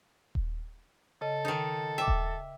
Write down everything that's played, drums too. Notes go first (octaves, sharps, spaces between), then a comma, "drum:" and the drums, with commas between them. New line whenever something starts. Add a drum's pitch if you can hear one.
drum: kick D#1
C#3 A4 D#5
D#3 D#4
E5 G5 D6
drum: kick D#1